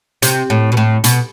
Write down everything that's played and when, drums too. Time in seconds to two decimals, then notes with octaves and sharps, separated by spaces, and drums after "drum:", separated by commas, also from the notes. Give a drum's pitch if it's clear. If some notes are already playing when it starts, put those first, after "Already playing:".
0.22 C3, drum: hi-hat
0.50 A2
0.72 B2
0.77 A2
1.04 B2, drum: hi-hat